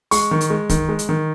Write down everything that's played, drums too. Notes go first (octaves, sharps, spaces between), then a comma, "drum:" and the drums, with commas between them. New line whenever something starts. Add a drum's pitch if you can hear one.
G#3 C#6, drum: open hi-hat
D#3
drum: hi-hat
G#3
D#3, drum: kick, hi-hat
G#3
drum: hi-hat
D#3